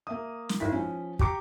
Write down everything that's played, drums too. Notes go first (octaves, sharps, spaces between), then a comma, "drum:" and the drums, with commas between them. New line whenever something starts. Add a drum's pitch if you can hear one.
A#3 E5 D#6
drum: snare
G#1 D#3 E4 B6
F3 C#4
G4 A#5 D6 C#7, drum: kick